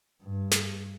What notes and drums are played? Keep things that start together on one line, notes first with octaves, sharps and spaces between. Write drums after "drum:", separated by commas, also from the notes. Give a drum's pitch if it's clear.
G2
drum: snare